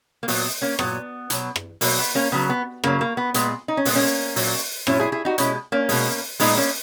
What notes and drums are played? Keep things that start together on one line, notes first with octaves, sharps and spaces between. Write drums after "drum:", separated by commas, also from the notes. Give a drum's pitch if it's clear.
A#3
A#2 F#3 B3, drum: open hi-hat
A#3 C#4
A#2 F#3 B3, drum: rim click
B2 F#3, drum: hi-hat
drum: rim click
B2 F#3 A#3, drum: open hi-hat
B3
A#3 C#4
C#3 F#3 B3
B3
C#3 F#3 A#3, drum: rim click
A#3
B3
A#2 G#3 B3, drum: hi-hat
D#4
C#4
A#2 G#3 B3, drum: open hi-hat
A#3 C#4
A#2 F#3, drum: open hi-hat
A#2 F#3 C#4 E4, drum: rim click
E4 G#4
E4 G#4
D#4 F#4
B2 G#3 C#4 E4, drum: hi-hat
A#3 C#4
B2 G#3, drum: open hi-hat
A#2 G#3 B3 D#4, drum: open hi-hat
A#3 C#4